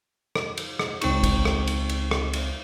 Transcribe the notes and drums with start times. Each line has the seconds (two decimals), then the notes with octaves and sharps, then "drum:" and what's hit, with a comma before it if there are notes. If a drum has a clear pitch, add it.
0.35 drum: rim click
0.57 drum: cymbal
0.79 drum: rim click
1.01 C#2 C4 D#4 C#6, drum: cymbal
1.23 drum: kick, cymbal
1.45 drum: rim click
1.67 drum: cymbal
1.89 drum: cymbal
2.11 drum: rim click
2.33 drum: cymbal